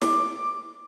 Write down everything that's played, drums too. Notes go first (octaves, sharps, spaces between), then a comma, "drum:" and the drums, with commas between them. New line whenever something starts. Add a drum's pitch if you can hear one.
D6, drum: snare